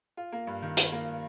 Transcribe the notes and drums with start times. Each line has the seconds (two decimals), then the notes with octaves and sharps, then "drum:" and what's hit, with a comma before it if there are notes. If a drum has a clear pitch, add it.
0.17 F4
0.32 A#3
0.47 G2
0.62 D#3
0.77 F4, drum: hi-hat
0.92 A#3